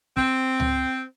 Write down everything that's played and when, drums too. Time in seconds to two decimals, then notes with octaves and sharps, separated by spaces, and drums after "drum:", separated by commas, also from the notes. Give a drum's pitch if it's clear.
0.17 C4, drum: kick
0.60 drum: tom C#2